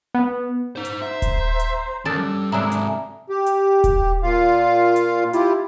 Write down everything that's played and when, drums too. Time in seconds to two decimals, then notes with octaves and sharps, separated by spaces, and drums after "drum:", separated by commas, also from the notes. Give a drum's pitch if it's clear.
0.14 B3
0.76 D#4 C5
0.85 drum: hi-hat
1.02 C5 E5 A#5 C6
1.22 drum: kick D#1, hi-hat
1.59 drum: hi-hat
2.05 D#2 C#4 A4 A#4 D5 A5 D#6 E6
2.17 G2 G3 E6
2.52 G#2 C3 D4 E4 G#5 A#5 D#6
2.72 drum: hi-hat
3.29 G4
3.46 drum: hi-hat
3.84 drum: kick D#1, hi-hat
4.23 A#2 F4 F5
4.96 drum: hi-hat
5.33 E4 F4 G4, drum: hi-hat